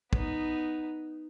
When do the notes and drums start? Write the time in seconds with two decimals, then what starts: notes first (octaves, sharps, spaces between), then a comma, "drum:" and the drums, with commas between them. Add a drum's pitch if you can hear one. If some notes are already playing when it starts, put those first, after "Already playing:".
0.13 B3 D#4, drum: kick